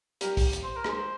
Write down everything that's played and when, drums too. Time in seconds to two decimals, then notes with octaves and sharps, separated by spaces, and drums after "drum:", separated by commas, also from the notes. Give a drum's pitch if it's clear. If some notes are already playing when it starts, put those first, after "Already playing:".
0.21 G3 G4 A#4, drum: hi-hat
0.37 drum: kick, open hi-hat
0.53 drum: hi-hat
0.63 C5
0.76 A#4
0.84 G#3 G#4, drum: rim click
0.89 C5